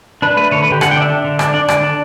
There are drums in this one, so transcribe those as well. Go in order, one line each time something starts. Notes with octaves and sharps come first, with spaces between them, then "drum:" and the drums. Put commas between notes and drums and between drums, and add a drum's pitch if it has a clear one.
D4 B4
A3 B4
D3 C#5
B4
D3
G4
D3 F#5, drum: rim click
G5
D4 D5
E5
D4
D3
D4 D5, drum: rim click
D4 D5
D3 D5, drum: rim click
D4